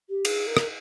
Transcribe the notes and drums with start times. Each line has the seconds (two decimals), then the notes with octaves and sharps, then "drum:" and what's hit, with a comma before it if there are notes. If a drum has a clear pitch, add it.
0.09 G4
0.25 G#4, drum: cymbal
0.46 A#4
0.57 drum: rim click